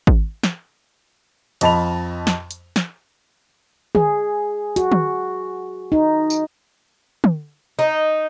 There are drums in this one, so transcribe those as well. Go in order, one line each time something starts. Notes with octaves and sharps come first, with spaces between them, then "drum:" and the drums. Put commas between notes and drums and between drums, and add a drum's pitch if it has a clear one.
drum: kick G#1
drum: snare
F2 D#5 A5 B5 F7, drum: cymbal
drum: snare
drum: hi-hat
drum: snare
G#4, drum: tom D3
F#4, drum: hi-hat
drum: tom
D#4
drum: tambourine
drum: tom
D#4